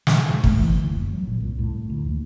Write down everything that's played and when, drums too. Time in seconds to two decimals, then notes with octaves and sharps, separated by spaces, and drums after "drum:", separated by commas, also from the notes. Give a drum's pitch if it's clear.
0.07 F#3, drum: snare
0.30 G#2
0.44 A3, drum: kick
0.59 E3
0.73 D2
0.91 F#1
1.13 F#3
1.27 A#2
1.40 C2
1.59 A2
1.90 D2
2.06 D#2